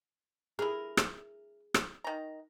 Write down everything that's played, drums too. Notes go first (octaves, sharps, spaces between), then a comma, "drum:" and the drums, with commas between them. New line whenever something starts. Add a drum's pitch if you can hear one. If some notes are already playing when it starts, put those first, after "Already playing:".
E4 G#4 A#4
drum: rim click
drum: rim click
D#3 A#5